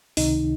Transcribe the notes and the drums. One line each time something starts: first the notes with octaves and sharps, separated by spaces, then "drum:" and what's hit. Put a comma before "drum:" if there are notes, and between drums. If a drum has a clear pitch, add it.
C#2 C3 D#3 D#4, drum: open hi-hat